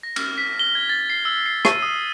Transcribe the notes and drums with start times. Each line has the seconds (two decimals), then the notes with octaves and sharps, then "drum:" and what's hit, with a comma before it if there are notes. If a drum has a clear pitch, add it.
0.03 A#6
0.16 F6, drum: cymbal
0.38 B6
0.59 G7
0.75 G#6
0.89 A6
1.10 C7
1.25 E6
1.46 C7
1.65 D#7, drum: rim click
1.82 D#6